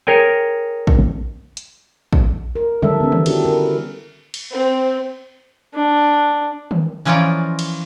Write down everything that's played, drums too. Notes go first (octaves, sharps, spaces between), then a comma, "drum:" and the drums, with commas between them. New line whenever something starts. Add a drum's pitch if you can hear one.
G#4 A#4 C#5 G5 G#5
drum: kick
drum: hi-hat
drum: kick
A#4
D3 D#3 G3 A4 E5, drum: tom F3
B3 C#4
drum: tom D#3
G3 D4 E4 F#4 G4 A4, drum: cymbal
A#4
drum: cymbal
C4
D4
drum: tom D#3
E3 F3 C#4 F4 A#4 D5
drum: cymbal